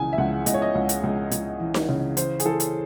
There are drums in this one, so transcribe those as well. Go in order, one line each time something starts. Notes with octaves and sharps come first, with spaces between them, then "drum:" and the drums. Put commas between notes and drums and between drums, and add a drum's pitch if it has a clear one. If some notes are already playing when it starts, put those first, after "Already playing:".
Already playing: C#2 C#3 E3 G#5
E5
C#2 F#5
C#2 D#5, drum: hi-hat
C#5
D#5
C#2
drum: hi-hat
C#2
C#2, drum: hi-hat
E3
drum: snare D#4
C#3
E3 C5, drum: hi-hat
G#4, drum: hi-hat
E3 A4
drum: hi-hat